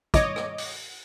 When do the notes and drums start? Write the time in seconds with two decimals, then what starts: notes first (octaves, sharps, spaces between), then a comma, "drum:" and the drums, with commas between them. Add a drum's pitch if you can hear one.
0.14 C#5 D#5 D6, drum: kick, hi-hat
0.36 drum: rim click
0.58 drum: open hi-hat